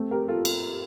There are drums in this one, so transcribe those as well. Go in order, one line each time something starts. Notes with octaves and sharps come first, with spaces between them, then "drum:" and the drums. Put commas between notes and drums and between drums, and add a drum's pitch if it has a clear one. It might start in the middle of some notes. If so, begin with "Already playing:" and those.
Already playing: A3 C4
G4 A#4
F4 A4
drum: cymbal